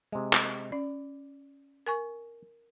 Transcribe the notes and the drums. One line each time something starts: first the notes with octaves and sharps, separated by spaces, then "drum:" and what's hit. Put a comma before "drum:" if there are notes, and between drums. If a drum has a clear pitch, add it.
C3 G#3
drum: clap
C#4 D5
A#4 G#5 C#6